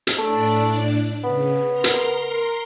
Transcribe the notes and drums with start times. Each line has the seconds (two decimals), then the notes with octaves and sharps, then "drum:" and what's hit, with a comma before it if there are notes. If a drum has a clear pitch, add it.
0.07 drum: hi-hat
0.18 A2 A3 D4 D5
1.24 C#3 B3
1.72 A#4 A#5 C6
1.84 drum: hi-hat